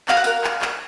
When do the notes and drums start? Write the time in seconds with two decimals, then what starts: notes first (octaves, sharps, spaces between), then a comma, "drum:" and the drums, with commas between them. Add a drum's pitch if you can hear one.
0.08 F#4 F5, drum: clap
0.17 F#5
0.24 A#4 F5, drum: tambourine
0.44 drum: clap
0.62 drum: clap